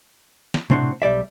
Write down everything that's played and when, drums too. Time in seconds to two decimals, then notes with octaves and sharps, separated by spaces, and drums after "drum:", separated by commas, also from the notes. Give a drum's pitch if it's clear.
0.54 drum: snare
0.70 A2 C3 C4 D4 D#4 F#4, drum: tom B2
1.02 B1 G3 D5 E5